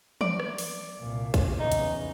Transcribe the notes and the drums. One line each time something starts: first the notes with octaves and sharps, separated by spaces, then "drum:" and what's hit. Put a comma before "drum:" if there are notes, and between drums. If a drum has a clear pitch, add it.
D5, drum: tom
drum: rim click
drum: open hi-hat
C2 A#2
drum: kick, hi-hat
E2 C#3 D#4
drum: hi-hat